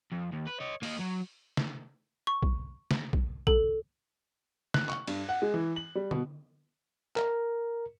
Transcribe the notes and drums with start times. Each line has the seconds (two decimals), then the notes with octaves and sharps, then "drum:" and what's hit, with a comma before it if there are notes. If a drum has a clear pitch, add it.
0.12 F2
0.33 D#2
0.47 B4
0.61 C#5 D#5
0.83 A#3 D#5, drum: open hi-hat
1.00 F#3
1.57 drum: snare
2.27 C#6
2.43 drum: kick
2.91 drum: snare
3.13 drum: kick
3.47 A4, drum: kick
4.74 F#6, drum: snare
4.89 C#6, drum: clap
5.07 G2, drum: cymbal
5.29 F#5
5.42 G#3
5.54 E3
5.76 F#7
5.95 G3
6.11 B2, drum: tom D3
7.16 A#4, drum: clap